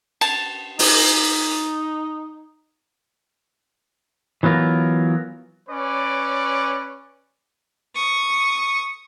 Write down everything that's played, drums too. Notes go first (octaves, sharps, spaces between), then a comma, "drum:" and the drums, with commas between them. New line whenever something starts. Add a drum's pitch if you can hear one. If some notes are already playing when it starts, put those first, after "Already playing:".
A5, drum: cymbal
D#4, drum: open hi-hat
E3 F#3 B3 F4 A#4
C#4 B4 C#5 D5
C#6 D#6